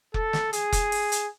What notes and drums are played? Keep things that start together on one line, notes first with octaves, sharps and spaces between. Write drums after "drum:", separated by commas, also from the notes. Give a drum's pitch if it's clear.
A4, drum: kick F1
drum: snare
G#4, drum: hi-hat
drum: kick F1, hi-hat
drum: open hi-hat
drum: hi-hat